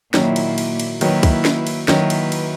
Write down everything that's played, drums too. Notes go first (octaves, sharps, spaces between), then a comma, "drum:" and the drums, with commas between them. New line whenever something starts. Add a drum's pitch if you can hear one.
A#2 D#3 F#3 A#3 E4, drum: snare C#4
drum: cymbal
drum: cymbal
drum: cymbal
D#3 F#3 A#3 E4 B4, drum: cymbal
drum: kick, cymbal
drum: snare C#4
drum: cymbal
D#3 F#3 A#3 E4 B4, drum: snare C#4
drum: cymbal
drum: cymbal